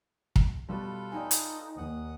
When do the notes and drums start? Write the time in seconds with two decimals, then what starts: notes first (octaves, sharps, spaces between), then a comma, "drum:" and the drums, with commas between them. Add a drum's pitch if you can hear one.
0.36 drum: kick
0.69 B2 G3 F4 A4 B4
1.12 D#4 D5 G5 G#5
1.31 drum: hi-hat
1.77 D#2 F#5 D#6